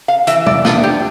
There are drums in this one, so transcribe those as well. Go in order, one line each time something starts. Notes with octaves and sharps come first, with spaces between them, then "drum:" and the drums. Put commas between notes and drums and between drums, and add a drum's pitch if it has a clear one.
F5
E3 E5, drum: hi-hat
D5, drum: tom
B3 D4 F4, drum: snare
G4